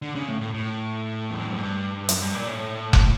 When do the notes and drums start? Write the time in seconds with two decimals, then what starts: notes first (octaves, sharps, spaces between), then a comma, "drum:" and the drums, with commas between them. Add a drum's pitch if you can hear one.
0.02 D3
0.15 C#3
0.28 A2
0.41 A2
0.54 A2
1.31 E2
1.40 F2
1.48 F#2
1.57 G2
2.09 F#2, drum: hi-hat
2.22 G2
2.35 A#2
2.47 A2
2.93 drum: kick F1